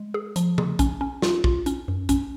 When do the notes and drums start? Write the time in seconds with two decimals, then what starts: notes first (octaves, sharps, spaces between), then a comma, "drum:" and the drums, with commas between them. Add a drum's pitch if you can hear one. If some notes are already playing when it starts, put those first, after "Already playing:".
Already playing: G#3
0.14 G#4
0.36 F3, drum: hi-hat
0.58 G#4, drum: tom C#3
0.79 C#4, drum: kick A#1, hi-hat
1.01 C#4
1.22 F4, drum: snare
1.44 F4, drum: kick A#1
1.66 C#4, drum: hi-hat
1.88 F#2
2.09 C#4, drum: kick A#1, hi-hat